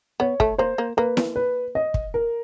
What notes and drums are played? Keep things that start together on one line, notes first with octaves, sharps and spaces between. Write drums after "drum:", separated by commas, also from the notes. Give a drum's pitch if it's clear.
B3 C#5
A3, drum: kick
A#3 C5
A#3
A#3 B4
drum: snare E4
B4
D#5
drum: kick
A#4